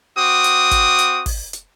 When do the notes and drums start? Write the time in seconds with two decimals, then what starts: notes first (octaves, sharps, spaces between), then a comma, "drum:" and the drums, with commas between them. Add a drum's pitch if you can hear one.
0.17 C4 F#4 D6 D#6
0.44 drum: hi-hat
0.71 drum: kick, hi-hat
0.99 drum: hi-hat
1.26 drum: kick, open hi-hat
1.53 drum: hi-hat